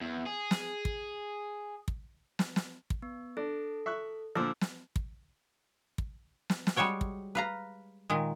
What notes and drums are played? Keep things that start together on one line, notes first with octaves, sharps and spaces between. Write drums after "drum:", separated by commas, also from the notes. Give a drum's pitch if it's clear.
E2
G#4
drum: snare
drum: kick
drum: kick
drum: snare
drum: snare
drum: kick
B3
D4 A4
E5 C#6 F#6
A#2 D3 F3 D6 E6
drum: snare
drum: kick
drum: kick
drum: snare
drum: snare
G3 G#3 F#4 C#5 G5
drum: kick
B4 F5 A#5
A#2 D#3 G#3